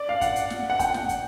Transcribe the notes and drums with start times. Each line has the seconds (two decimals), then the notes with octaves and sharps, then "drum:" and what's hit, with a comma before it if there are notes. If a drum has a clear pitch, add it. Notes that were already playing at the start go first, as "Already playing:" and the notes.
Already playing: D5
0.09 F5
0.21 F#5, drum: kick, hi-hat
0.36 drum: hi-hat
0.50 drum: snare
0.70 F#5
0.79 G5, drum: kick, hi-hat
0.94 drum: snare
1.09 drum: kick, hi-hat